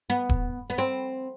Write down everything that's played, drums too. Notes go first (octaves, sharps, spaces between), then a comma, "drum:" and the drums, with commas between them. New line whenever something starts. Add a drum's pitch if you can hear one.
B3
drum: kick D#1
B3
C4